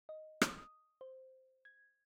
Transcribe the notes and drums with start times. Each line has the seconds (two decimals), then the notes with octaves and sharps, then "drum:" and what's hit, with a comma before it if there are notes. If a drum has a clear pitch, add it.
0.09 D#5
0.42 drum: rim click
0.59 D#6
1.01 C5
1.65 G#6